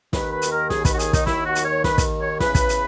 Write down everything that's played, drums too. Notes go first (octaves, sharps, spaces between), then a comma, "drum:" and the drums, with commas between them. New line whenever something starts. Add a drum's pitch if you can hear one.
D#2 D#3 B4, drum: snare
B4
drum: hi-hat
A#4
G#4, drum: snare
B4, drum: kick, hi-hat
F#4
G#4, drum: hi-hat
D#4, drum: kick, hi-hat
D#2 D#3 E4, drum: snare
F#4
drum: hi-hat
C#5
B4, drum: snare
drum: kick, hi-hat
C#5
E2 C#3 E3 B4, drum: snare
drum: kick, hi-hat
drum: hi-hat